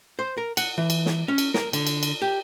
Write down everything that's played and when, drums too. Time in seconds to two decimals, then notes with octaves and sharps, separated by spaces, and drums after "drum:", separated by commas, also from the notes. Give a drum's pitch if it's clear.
0.19 C5
0.38 A#4
0.57 F#5, drum: cymbal
0.78 E3
0.90 drum: cymbal
1.06 drum: snare
1.28 C#4
1.38 drum: cymbal
1.54 A#4, drum: snare
1.73 D3, drum: cymbal
1.87 drum: cymbal
2.03 drum: cymbal
2.22 G4